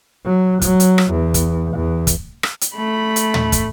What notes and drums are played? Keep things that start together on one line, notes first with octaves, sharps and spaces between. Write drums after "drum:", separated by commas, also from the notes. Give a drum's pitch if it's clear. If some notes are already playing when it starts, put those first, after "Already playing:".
F#3
F#3, drum: kick, hi-hat
drum: hi-hat
drum: rim click
E2
drum: kick, hi-hat
E2
drum: kick, hi-hat
drum: rim click
drum: hi-hat
A3 B5
drum: hi-hat
drum: tom
drum: kick, hi-hat